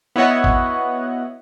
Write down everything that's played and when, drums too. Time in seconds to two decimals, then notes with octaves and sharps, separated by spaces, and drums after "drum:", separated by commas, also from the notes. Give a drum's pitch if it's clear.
0.16 B3 E4 F#4 C#5 D#5 F#5
0.44 drum: kick G#1